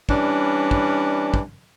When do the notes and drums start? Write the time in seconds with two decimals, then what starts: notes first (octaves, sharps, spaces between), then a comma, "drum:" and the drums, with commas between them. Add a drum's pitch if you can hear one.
0.09 E3 G3 C#4 D4, drum: kick
0.71 drum: kick
1.34 drum: kick